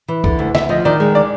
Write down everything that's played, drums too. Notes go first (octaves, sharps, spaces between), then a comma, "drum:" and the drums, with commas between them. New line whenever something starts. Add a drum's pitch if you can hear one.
E3
D3, drum: kick
D2
D2 E5, drum: snare
F3 D#5
D#3 D5
G#3
D5